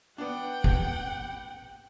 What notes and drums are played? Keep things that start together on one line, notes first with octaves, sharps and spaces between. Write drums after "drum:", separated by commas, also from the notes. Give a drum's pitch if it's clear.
B3 D4 F#5 G5
drum: kick